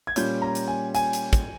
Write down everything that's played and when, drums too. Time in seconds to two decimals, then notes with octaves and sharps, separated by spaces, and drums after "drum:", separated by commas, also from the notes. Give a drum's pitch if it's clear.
0.07 G#6
0.16 A#2 G3 C#4 F4 G6, drum: hi-hat
0.42 A#5
0.55 drum: hi-hat
0.68 G#5
0.95 G#5, drum: hi-hat
1.13 drum: hi-hat
1.33 drum: kick, hi-hat